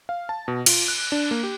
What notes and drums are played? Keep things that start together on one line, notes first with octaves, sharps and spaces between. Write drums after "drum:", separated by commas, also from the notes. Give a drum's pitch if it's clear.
F5
A5
B2
F4, drum: cymbal
F#6
D4
A#3
G4